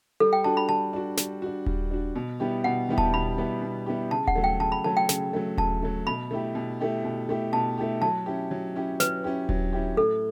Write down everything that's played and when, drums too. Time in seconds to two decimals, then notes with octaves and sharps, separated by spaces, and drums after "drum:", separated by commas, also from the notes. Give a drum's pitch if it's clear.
0.20 G3 A4
0.33 G5
0.44 D4 F#4 A5
0.57 B5
0.69 G3 A5
0.93 D4 F#4
1.17 G3, drum: snare
1.42 D4 F#4
1.66 G3, drum: kick D#1
1.91 D4 F#4
2.16 B2
2.40 G3 B3 E4 G4
2.64 B2 F#5
2.89 G3 B3 E4 G4
2.98 A5, drum: kick D#1
3.14 B2 B5
3.38 G3 B3 E4 G4
3.62 B2
3.86 G3 B3 E4 G4
4.11 C#3 A5
4.28 F#5, drum: kick D#1
4.35 F#3 A3
4.44 G5
4.60 C#3 A5
4.72 B5
4.84 F#3 A3 A5
4.97 G5
5.09 C#3, drum: snare
5.33 F#3 A3
5.58 C#3 A5, drum: kick D#1
5.82 F#3 A3
6.07 B2 B5
6.31 A3 E4 G4
6.55 B2
6.80 A3 E4 G4
7.04 B2
7.29 A3 E4 G4
7.53 B2 A5
7.78 A3 E4 G4
8.02 F#3 A5
8.26 C#4 E4 G4
8.51 F#3
8.76 C#4 E4 G4
9.00 F#3 B4, drum: snare
9.24 C#4 E4 G4
9.49 F#3, drum: kick D#1
9.73 C#4 E4 G4
9.97 A2 A4